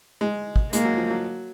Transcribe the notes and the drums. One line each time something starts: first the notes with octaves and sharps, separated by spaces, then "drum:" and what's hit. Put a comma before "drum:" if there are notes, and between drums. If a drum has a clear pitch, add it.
G#3
drum: kick
G#3 A#3, drum: hi-hat
F#3
F3
F#3